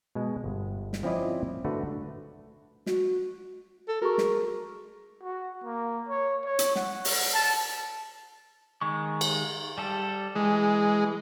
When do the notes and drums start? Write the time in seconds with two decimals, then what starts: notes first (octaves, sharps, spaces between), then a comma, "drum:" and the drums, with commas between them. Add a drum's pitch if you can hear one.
0.15 B2 G#3
0.44 G1
0.93 drum: snare
1.03 F3 C4 C#4 E4 D5 D#5
1.65 D3 A3 F#4 B4
2.86 F#4, drum: snare
3.88 A4
4.02 F#4 G#4 A#4 C#6
4.18 drum: snare
5.23 F#4
5.64 A#3
6.09 C#5
6.44 C#5
6.59 drum: hi-hat
6.76 F#5, drum: snare
7.05 drum: open hi-hat
7.34 A5
8.82 D#3 G#3 C#6
9.21 drum: cymbal
9.78 G3 A4
10.36 E3 G#3